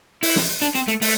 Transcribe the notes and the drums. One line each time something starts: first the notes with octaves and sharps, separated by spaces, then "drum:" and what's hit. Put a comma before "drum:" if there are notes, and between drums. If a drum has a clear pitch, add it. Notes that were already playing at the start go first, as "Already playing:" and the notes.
E4, drum: open hi-hat
drum: snare
drum: hi-hat
D4, drum: hi-hat
C4, drum: hi-hat
A3, drum: hi-hat
A3, drum: open hi-hat